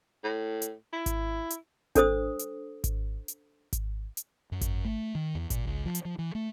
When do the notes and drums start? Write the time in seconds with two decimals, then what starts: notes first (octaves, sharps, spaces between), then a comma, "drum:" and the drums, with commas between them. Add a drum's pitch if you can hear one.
0.24 A2
0.62 drum: hi-hat
0.93 E4
1.06 drum: kick G#1, hi-hat
1.50 drum: hi-hat
1.95 D4 A4 C5 D#6, drum: kick G#1, hi-hat
2.39 drum: hi-hat
2.84 drum: kick G#1, hi-hat
3.28 drum: hi-hat
3.73 drum: kick G#1, hi-hat
4.17 drum: hi-hat
4.52 F#2
4.61 drum: kick G#1, hi-hat
4.85 A3
5.15 D#3
5.35 E2
5.50 A#2, drum: kick G#1, hi-hat
5.65 C#2
5.86 F3
5.95 drum: hi-hat
6.05 F3
6.19 E3
6.35 A3